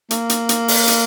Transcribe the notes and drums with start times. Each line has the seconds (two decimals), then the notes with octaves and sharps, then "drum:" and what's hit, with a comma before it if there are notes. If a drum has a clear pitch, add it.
0.11 A#3, drum: hi-hat
0.30 drum: hi-hat
0.49 drum: hi-hat
0.68 drum: open hi-hat
0.88 drum: hi-hat